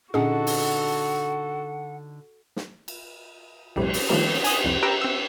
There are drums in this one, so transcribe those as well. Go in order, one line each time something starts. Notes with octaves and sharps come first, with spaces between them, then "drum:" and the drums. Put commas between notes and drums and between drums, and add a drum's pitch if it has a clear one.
A#2 D3 C#4 D#4 F#4 G#4 A4 F#5
drum: open hi-hat
drum: snare
drum: cymbal
B1 F2 A2 G3, drum: cymbal
drum: open hi-hat
D#3 F3 G3 A3 A#3, drum: cymbal
G#5 D#6, drum: hi-hat
C2 F2
G4 A#4 B4 G5 A#5 E6
C4 E6